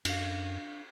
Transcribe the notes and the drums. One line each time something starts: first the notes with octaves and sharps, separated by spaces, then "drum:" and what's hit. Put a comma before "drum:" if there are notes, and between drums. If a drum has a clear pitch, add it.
F#2 D4 F5, drum: cymbal